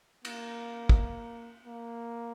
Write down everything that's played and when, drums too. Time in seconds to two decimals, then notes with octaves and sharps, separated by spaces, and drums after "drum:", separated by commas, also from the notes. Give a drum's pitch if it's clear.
0.25 A#3, drum: cymbal
0.89 drum: kick
1.65 A#3